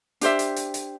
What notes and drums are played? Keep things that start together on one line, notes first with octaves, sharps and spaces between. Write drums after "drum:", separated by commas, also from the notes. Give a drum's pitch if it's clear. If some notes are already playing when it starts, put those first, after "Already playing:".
D4 G4 C5 E5, drum: hi-hat
drum: hi-hat
drum: hi-hat
drum: hi-hat